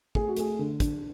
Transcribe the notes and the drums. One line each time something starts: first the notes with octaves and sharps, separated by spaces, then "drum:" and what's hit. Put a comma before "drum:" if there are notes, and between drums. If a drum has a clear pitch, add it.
A3 G#4, drum: kick
F#4
A3 G#4, drum: hi-hat
D3
D4, drum: kick, hi-hat